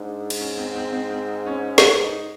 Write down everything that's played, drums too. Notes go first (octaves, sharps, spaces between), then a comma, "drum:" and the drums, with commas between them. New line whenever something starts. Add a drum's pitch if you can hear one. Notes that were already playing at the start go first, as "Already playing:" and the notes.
Already playing: G#2 D4
drum: cymbal
C#4
C4
C4
C4
C4
C#4
drum: snare
D#4